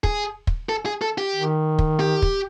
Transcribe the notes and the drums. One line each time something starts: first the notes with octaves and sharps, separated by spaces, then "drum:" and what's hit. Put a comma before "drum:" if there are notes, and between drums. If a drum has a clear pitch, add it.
G#4, drum: kick
drum: kick
A4
G#4
A4
G4
D#3
drum: kick
G4
drum: kick